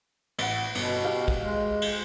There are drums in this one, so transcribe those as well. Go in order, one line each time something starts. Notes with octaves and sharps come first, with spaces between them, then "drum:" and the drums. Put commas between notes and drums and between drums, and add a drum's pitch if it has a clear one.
A1 F#5, drum: cymbal
G1 B2, drum: cymbal
G4 F5
drum: kick
G#3
drum: cymbal